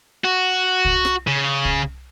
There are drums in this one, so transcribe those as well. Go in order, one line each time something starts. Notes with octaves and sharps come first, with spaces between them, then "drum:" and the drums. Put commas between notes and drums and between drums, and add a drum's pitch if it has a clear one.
F#4
drum: kick C2
drum: rim click
C#3
drum: kick C2